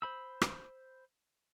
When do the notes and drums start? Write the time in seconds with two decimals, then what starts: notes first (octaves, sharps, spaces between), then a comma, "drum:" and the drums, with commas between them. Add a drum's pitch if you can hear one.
0.02 C5 B5 E6
0.41 drum: rim click